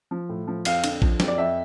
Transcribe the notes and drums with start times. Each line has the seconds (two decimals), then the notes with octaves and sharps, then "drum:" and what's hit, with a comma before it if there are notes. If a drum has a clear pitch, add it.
0.11 F3
0.29 A2
0.47 F3
0.65 F2 F5, drum: cymbal
0.84 D3, drum: cymbal
1.02 F3, drum: kick
1.20 F2, drum: snare
1.28 D5
1.38 F2 E5